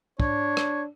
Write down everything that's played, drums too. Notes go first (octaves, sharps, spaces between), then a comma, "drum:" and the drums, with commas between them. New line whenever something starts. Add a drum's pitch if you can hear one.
D4 C#5, drum: kick
drum: rim click